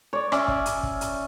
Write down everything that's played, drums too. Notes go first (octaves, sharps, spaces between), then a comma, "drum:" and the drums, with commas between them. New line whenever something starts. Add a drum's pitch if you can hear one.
C#5 D5
C#4 D5 E5, drum: rim click
drum: kick
drum: hi-hat
drum: kick
drum: hi-hat